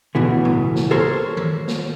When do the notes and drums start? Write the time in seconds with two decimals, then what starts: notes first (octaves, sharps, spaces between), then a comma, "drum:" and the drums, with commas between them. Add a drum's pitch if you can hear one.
0.15 C#2 B2 E3 A3
0.45 drum: tom A2
0.76 drum: snare
0.91 A4 A#4 C5 C#5
1.37 drum: tom D#3
1.68 drum: snare